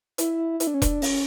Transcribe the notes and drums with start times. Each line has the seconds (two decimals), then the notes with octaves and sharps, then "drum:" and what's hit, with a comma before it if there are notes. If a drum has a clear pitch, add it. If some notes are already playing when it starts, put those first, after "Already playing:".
0.18 E4, drum: hi-hat
0.60 E4, drum: hi-hat
0.67 D4
0.74 C#4
0.82 D4, drum: kick E1, hi-hat
1.02 C#4, drum: open hi-hat